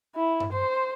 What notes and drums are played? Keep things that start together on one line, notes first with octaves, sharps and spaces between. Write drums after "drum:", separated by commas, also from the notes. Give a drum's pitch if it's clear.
E4
drum: tom G2
C5